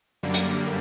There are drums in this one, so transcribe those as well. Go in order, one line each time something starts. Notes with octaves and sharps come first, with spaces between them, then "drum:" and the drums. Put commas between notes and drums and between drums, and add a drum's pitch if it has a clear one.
F#2 D3 G3 A#3
drum: hi-hat